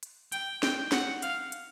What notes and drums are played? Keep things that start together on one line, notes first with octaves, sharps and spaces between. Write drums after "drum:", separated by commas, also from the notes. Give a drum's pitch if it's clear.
drum: hi-hat
G5, drum: hi-hat
G5, drum: snare
F#5, drum: snare
F5, drum: hi-hat
drum: hi-hat